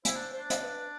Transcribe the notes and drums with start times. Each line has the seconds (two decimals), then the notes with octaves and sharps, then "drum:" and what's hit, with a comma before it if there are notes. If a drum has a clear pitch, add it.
0.05 E4 C5, drum: hi-hat
0.15 D4
0.33 C5
0.36 D4
0.50 C5, drum: hi-hat
0.62 B4